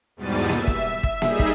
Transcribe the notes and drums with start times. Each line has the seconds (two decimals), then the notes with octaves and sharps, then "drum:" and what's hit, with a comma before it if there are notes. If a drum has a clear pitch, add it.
0.16 E2 G#2 B2 G3 A6 D#7
0.49 E5, drum: snare A#3
0.67 drum: kick
1.03 drum: kick
1.22 G3 D#4 G#4 E5, drum: snare A#3
1.39 drum: kick